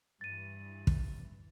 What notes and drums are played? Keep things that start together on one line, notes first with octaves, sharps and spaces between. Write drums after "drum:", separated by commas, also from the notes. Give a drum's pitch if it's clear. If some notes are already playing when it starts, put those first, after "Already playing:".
G2 E3 A6 D#7
drum: kick